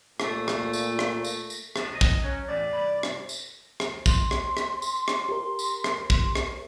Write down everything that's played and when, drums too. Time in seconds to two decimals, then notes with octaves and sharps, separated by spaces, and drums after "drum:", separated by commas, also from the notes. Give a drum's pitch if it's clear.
0.20 A#2 A3, drum: rim click
0.48 drum: rim click
0.73 drum: tambourine
0.99 drum: rim click
1.24 drum: tambourine
1.50 drum: tambourine
1.76 C3 F3 D4, drum: rim click
1.92 C3 D#5
2.01 drum: kick
2.24 F#3 C#4
2.48 E2 A2 D5
2.73 C2 G2 B5
3.03 drum: rim click
3.29 drum: tambourine
3.80 drum: rim click
4.06 C6, drum: kick, tambourine
4.31 drum: rim click
4.57 drum: rim click
4.82 drum: tambourine
5.08 drum: rim click
5.29 G4 A#4
5.59 drum: tambourine
5.84 drum: rim click
6.10 drum: kick
6.35 drum: rim click